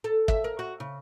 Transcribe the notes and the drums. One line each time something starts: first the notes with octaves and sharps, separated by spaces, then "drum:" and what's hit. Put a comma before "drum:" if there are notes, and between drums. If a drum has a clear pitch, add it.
A4
E5, drum: kick
A#4
F#4
C#3